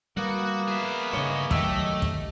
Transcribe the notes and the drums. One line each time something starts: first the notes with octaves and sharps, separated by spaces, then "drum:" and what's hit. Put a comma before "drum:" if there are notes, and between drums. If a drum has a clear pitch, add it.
G3 A#3 B3 F#4
G#4 E5
G2 C#3 C#5 D#5
D#3 F#3 A3 G4 D#5 E5, drum: kick
drum: kick